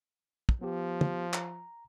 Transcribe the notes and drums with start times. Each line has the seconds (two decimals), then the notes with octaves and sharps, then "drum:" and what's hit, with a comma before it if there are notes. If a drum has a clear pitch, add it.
0.49 drum: kick
0.61 F3 B3 G4
1.01 drum: tom
1.33 A#5, drum: clap